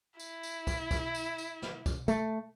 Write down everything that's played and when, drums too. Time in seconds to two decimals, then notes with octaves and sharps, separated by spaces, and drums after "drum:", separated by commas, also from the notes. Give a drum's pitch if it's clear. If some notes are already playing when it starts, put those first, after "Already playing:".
0.20 E4, drum: tambourine
0.43 drum: tambourine
0.67 drum: kick C2, tambourine
0.91 drum: kick C2, tambourine
1.15 drum: tambourine
1.38 drum: tambourine
1.62 drum: snare
1.86 drum: kick C2, tambourine
2.08 A3, drum: tambourine